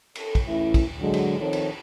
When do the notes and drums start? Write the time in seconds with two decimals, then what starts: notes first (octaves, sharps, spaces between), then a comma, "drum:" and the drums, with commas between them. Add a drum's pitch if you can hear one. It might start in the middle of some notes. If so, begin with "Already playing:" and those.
0.15 A4, drum: cymbal
0.35 drum: kick, cymbal
0.48 E3 A3 C#4 E4
0.74 drum: kick, cymbal
1.00 D3 F#3 G#3
1.14 drum: cymbal
1.40 D#3 F3 C4 A4 C#5
1.53 drum: cymbal